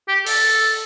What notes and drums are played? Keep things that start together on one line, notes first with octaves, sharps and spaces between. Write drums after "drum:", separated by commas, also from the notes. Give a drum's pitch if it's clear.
G4
A4, drum: open hi-hat